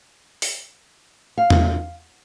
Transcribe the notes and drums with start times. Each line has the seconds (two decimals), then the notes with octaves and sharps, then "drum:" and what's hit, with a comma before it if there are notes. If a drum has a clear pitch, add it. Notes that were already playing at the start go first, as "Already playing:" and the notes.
0.42 drum: open hi-hat
1.38 F5
1.50 drum: tom E2